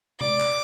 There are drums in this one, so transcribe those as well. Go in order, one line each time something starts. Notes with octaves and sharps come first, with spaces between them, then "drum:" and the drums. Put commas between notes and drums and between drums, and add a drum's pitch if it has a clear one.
D5 D6, drum: tom C3
drum: clap